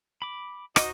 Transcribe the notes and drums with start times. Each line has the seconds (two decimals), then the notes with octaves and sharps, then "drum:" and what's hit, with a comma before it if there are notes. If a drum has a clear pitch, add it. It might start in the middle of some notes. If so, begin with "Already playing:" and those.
0.22 B5 D6
0.76 D#4 F#4 C5 D#5, drum: rim click